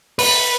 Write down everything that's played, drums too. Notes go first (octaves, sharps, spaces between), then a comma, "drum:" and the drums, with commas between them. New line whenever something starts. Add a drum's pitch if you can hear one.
B4, drum: open hi-hat